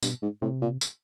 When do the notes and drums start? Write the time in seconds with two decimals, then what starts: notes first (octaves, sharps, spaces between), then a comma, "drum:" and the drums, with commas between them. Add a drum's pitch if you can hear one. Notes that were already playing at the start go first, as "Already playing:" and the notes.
0.03 G2 B2, drum: tambourine
0.22 G#2
0.42 A2 C3
0.62 A#2
0.81 drum: tambourine